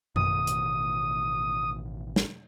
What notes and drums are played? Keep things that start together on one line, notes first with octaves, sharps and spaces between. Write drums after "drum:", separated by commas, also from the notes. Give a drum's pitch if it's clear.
A1 B2 D#3 D#6, drum: tom F#2
drum: hi-hat
drum: snare